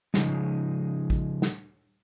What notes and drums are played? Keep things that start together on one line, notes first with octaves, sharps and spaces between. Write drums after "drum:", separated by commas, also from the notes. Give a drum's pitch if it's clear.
C#3 F3 G#3 D#4, drum: snare
drum: kick A1
drum: snare